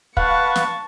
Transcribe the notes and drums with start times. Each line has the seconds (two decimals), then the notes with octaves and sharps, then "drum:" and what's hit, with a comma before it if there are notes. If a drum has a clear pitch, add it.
0.17 B4 F5 F#5 A5 C#6, drum: kick
0.56 drum: snare